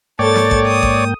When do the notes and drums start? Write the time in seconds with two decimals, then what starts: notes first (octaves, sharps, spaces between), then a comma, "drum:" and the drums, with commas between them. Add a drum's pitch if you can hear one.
0.19 G#2 A#3 A4 C#5 D5 G5 A6
0.35 drum: snare
0.51 drum: kick A1
0.67 D#6
0.83 drum: kick A1